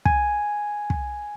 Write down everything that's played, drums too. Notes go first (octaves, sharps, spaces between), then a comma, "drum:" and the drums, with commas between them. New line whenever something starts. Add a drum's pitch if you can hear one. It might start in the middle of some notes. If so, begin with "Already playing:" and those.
G#5, drum: kick
drum: kick